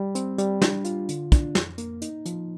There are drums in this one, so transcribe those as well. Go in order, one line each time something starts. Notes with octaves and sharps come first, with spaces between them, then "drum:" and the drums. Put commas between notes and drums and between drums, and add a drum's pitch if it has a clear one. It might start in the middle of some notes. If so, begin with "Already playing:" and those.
Already playing: G3
C4, drum: hi-hat
G3, drum: hi-hat
D4, drum: snare
F4, drum: hi-hat
D3, drum: hi-hat
D4, drum: kick, hi-hat
F2, drum: snare
A#3, drum: hi-hat
D#4, drum: hi-hat
F3, drum: hi-hat